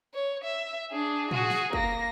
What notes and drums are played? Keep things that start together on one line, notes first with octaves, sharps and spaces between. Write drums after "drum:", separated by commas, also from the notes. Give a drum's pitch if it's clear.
C#5
E5
D4 G#4
F#4 G#4, drum: tom A2
drum: snare
A#3 A#6, drum: kick